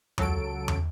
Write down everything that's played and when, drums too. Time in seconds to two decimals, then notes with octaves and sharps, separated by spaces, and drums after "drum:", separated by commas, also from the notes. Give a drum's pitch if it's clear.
0.18 C#2 C#3 F#3 A4 D7, drum: tom E2
0.68 drum: tom E2